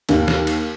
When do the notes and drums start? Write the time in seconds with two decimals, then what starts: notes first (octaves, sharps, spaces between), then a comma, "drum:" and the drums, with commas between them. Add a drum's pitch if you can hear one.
0.09 D#2, drum: cymbal
0.28 drum: snare
0.47 drum: cymbal